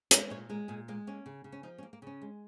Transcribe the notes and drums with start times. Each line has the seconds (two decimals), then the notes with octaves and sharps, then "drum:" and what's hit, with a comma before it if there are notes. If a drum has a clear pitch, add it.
0.11 G#3 A#4, drum: hi-hat
0.30 A#2 C#5
0.49 G#3 A#4
0.68 A#2 G#4
0.88 G#3 A#3
1.07 A#3 C#4
1.26 C#3
1.44 C#3
1.52 C#4
1.63 F3 D#4
1.78 C#4
1.83 A#3
1.93 A#3
2.02 C#3 C#4
2.22 G#3